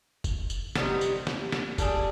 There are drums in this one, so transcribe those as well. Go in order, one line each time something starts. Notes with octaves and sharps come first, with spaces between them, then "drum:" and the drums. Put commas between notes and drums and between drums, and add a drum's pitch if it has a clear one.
drum: kick, tambourine
drum: tambourine
C3 G3 B3 D#4, drum: snare
drum: tambourine
drum: snare
drum: snare
D3 G3 D4 G#4, drum: kick, tambourine